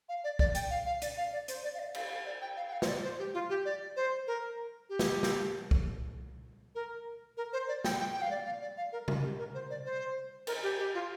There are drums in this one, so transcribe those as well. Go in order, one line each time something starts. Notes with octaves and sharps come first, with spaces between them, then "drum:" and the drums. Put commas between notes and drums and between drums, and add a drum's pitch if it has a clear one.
F5
D5
D5, drum: kick C2
G5, drum: hi-hat
F5
F5
D5, drum: hi-hat
F5
D5
C5, drum: hi-hat
D5
F5
D5
F5, drum: cymbal
F5
D5
G5
F5
G5
F5
C5, drum: snare
D5
C5
G4
F4
G4
D5
C5
A#4
G4
drum: snare
drum: snare
drum: kick C2
A#4
A#4
C5
D5
G5, drum: snare
G5
G5
F5
D5
F5
D5
F5
A#4
A#4, drum: tom C3
G4
A#4
C5
D5
C5
A#4, drum: cymbal
G4
G4
F4